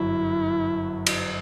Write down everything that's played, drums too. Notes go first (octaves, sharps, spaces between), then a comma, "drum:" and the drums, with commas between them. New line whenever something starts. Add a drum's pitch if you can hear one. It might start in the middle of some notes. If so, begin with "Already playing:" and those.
Already playing: G1 F#2 F#3 E4
drum: cymbal